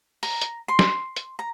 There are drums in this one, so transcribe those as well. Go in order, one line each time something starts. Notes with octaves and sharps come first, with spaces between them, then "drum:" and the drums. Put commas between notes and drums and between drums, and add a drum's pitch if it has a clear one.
A#5, drum: open hi-hat
drum: hi-hat
C6
drum: snare
drum: hi-hat
A#5